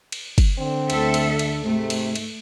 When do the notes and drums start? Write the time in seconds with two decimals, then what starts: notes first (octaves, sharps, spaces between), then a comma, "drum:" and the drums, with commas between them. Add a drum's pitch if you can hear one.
0.12 drum: cymbal
0.38 drum: kick, cymbal
0.59 D3 C4
0.90 D2 A4 E5, drum: cymbal
1.14 drum: cymbal
1.39 drum: cymbal
1.65 G#2 C3 A3
1.90 drum: cymbal
2.16 drum: cymbal